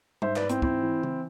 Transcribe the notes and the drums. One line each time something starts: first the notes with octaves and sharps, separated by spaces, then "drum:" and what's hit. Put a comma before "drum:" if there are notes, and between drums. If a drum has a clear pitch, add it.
G#2 C5 E5, drum: tom G3
B4 D5, drum: clap
G#2
C4 E4, drum: hi-hat
E3 C4 E4, drum: kick
E3
E3, drum: tom C#3